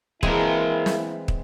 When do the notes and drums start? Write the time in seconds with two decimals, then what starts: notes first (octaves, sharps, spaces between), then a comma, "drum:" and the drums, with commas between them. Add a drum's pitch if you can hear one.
0.23 E3 G#3 A#3 C4 E4 G#4 A#4, drum: kick
0.86 drum: snare
1.28 drum: kick